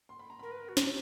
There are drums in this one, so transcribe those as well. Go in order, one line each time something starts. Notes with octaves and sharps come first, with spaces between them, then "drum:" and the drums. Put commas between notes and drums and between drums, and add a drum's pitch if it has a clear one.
C6
B5
A#5
A#4 B5
B4
A#4
F#4
G4, drum: snare